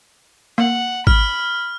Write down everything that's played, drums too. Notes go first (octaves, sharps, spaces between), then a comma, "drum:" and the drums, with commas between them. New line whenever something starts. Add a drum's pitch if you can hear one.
A#3 F#5
B5 F6, drum: kick G#1